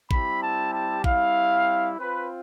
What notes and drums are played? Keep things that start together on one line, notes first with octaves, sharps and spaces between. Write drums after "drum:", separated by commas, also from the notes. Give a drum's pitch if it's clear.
G3 C4 E4 G4 B5, drum: kick
A5
A5
G3 C4 E4 F5, drum: kick
C4 F4 B4